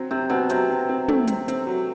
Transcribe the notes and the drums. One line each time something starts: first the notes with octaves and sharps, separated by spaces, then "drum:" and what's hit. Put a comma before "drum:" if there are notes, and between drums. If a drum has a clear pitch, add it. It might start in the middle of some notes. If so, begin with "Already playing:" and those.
Already playing: F#3 C4
C3 C4
B2 C4
C3 F#3, drum: hi-hat
C4
C4
A3, drum: tom
C4, drum: hi-hat
C4, drum: hi-hat
F#3